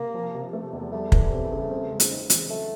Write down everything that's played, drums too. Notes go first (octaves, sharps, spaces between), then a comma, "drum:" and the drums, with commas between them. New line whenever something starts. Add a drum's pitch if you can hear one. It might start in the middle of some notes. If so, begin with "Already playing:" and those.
Already playing: C3 A#3
F3
C3
A3
E2
G3 A3
E3, drum: kick
C4
C#3
C4
G#3
drum: hi-hat
D#4
E3, drum: hi-hat
F#3 A3